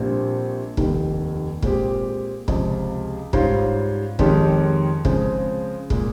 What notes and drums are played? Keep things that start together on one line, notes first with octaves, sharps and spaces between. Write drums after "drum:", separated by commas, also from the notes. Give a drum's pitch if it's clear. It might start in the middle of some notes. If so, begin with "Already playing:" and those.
Already playing: A#1 A#2 G3 C4
F1 D#2 D#3 G3, drum: kick
A#2 G#3 C4 G4, drum: kick
C#2 C3 F3, drum: kick
G#2 G3 C#4 F4 C5, drum: kick
F2 D#3 G#3 C#4 G4, drum: kick
C#3 F3 G#3 C4, drum: kick
A#2 G#3, drum: kick